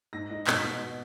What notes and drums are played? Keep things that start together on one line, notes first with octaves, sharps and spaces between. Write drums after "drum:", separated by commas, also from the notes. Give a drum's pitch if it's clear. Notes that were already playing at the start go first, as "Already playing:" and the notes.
G#2 A#6
D#4
B2 B6, drum: clap
B2